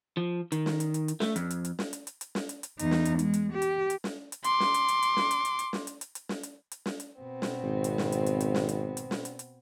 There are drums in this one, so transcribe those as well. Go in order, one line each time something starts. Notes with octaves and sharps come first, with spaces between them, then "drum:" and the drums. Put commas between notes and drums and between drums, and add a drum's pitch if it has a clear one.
F3
D#3, drum: hi-hat
drum: snare
drum: hi-hat
drum: hi-hat
drum: hi-hat
A3, drum: snare
F2, drum: hi-hat
drum: hi-hat
drum: hi-hat
drum: snare
drum: hi-hat
drum: hi-hat
drum: hi-hat
drum: snare
drum: hi-hat
drum: hi-hat
E2 D#4, drum: hi-hat
drum: snare
drum: hi-hat
G#3, drum: hi-hat
drum: hi-hat
G4
drum: hi-hat
drum: hi-hat
drum: snare
drum: hi-hat
C6 D6, drum: hi-hat
drum: snare
drum: hi-hat
drum: hi-hat
drum: hi-hat
drum: snare
drum: hi-hat
drum: hi-hat
drum: hi-hat
drum: snare
drum: hi-hat
drum: hi-hat
drum: hi-hat
drum: snare
drum: hi-hat
drum: hi-hat
drum: snare
drum: hi-hat
B2 B3 C4
drum: snare
G#1
drum: hi-hat
drum: snare
drum: hi-hat
drum: hi-hat
drum: hi-hat
drum: snare
drum: hi-hat
drum: hi-hat
drum: snare
drum: hi-hat
drum: hi-hat